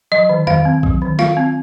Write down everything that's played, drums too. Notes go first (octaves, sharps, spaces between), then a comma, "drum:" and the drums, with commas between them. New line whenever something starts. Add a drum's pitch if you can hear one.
F#3 D#5
D#3
D#3 F5, drum: tom E2
C4
F#3, drum: kick A#1
D#3
F4 F5, drum: snare
C4